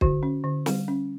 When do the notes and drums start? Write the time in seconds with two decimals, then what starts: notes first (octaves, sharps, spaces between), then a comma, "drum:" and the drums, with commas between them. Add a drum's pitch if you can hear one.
0.01 D3 F#4, drum: kick
0.23 C#4
0.44 D3
0.66 G3, drum: snare
0.88 C#4